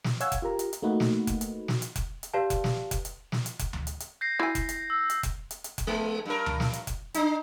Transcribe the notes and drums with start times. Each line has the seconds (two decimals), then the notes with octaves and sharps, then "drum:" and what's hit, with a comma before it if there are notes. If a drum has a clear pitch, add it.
0.04 drum: snare
0.20 C#5 F5 F#5 G#5 E6 G#6, drum: hi-hat
0.32 drum: kick F1, hi-hat
0.42 F4 G4 A#4 A#5
0.59 drum: hi-hat
0.73 drum: hi-hat
0.82 A3 A#3 D#4 F#4 B4
1.00 drum: snare
1.27 drum: kick F1, hi-hat
1.41 drum: hi-hat
1.68 drum: snare
1.82 drum: hi-hat
1.96 drum: kick F1, hi-hat
2.23 drum: hi-hat
2.34 G4 B4 D5 F5 A5
2.50 drum: kick F1, hi-hat
2.64 drum: snare
2.91 drum: kick F1, hi-hat
3.05 drum: hi-hat
3.32 drum: snare
3.46 drum: hi-hat
3.59 drum: kick F1, hi-hat
3.73 drum: tom D2
3.87 drum: hi-hat
4.00 drum: hi-hat
4.21 G6 A#6 C7
4.39 E4 G#5
4.55 drum: kick F1, hi-hat
4.69 drum: hi-hat
4.90 E6
5.10 drum: hi-hat
5.23 drum: kick F1, hi-hat
5.51 drum: hi-hat
5.64 drum: hi-hat
5.78 drum: kick F1, hi-hat
5.87 G#3 B3
6.25 G2 A#4
6.46 drum: tom D2
6.60 drum: snare
6.73 drum: hi-hat
6.87 drum: kick F1, hi-hat
7.14 D4 D#4, drum: hi-hat